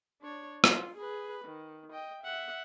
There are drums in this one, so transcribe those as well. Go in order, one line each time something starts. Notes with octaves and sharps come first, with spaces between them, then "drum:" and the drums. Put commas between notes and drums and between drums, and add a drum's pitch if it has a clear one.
D4 C#5
F4, drum: rim click
G#4 B4
D#3
D#5 G5
E5 F#5